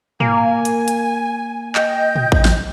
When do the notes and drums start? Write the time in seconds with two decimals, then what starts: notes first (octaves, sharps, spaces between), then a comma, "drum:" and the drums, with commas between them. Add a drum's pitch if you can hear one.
0.20 A#3 G#5, drum: tom
0.65 drum: hi-hat
0.88 drum: hi-hat
1.75 D#5 G5 G6, drum: clap
2.16 drum: tom
2.32 drum: kick A1
2.45 drum: snare F3